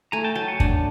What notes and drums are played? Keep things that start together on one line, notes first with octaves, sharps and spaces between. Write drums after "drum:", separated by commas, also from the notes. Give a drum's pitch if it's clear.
A3 G#5 A#5
G5 A5
F#3 G5 A5
F#5 G#5
D4, drum: kick